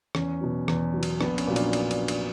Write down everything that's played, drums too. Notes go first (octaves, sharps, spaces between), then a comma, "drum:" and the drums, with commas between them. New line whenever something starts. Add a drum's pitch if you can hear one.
E2 C#4, drum: rim click
B2 F#3
E2, drum: rim click
B2 F#3
drum: cymbal
A#1 B3, drum: rim click
C#4, drum: cymbal
A#2 F#3
D4, drum: cymbal
drum: cymbal
drum: cymbal
drum: cymbal